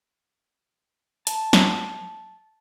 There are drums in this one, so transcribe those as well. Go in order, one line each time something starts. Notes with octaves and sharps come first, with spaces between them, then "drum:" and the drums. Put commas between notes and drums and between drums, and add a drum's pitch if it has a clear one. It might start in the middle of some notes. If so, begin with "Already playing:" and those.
A5, drum: hi-hat
drum: snare